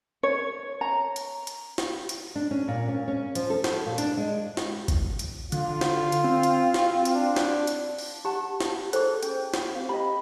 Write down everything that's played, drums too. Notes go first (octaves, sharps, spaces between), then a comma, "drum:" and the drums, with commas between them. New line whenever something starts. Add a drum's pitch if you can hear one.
C#5
A#5
drum: hi-hat
drum: hi-hat
drum: snare
drum: hi-hat
D4
C#4
A#2
C#4
C#4
F3, drum: hi-hat
A4
drum: snare
A#2
D4, drum: hi-hat
G#3
drum: snare
drum: kick, hi-hat
drum: hi-hat
D3 F4, drum: hi-hat
drum: snare
drum: hi-hat
C4
drum: hi-hat
drum: snare
drum: hi-hat
D4
drum: snare
drum: hi-hat
drum: open hi-hat
G4 F#5 A5
drum: snare
G#4 A4 C5, drum: hi-hat
C#4 G5, drum: hi-hat
drum: snare
C4 F5
G4 D#5 B5